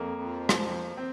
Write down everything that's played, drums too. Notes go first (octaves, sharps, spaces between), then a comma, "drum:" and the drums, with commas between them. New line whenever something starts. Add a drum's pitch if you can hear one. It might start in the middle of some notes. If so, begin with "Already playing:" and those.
Already playing: F2 A#3
F3
drum: rim click
F2
C4